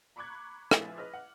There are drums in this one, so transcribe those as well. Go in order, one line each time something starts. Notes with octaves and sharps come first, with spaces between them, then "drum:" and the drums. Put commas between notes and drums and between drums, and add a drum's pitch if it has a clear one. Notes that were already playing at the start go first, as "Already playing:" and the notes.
A#5 B5 C#6 D6 F#6 G#6
F3 E4 F4 G#4 B4, drum: rim click
B4 D#5 F6
F#5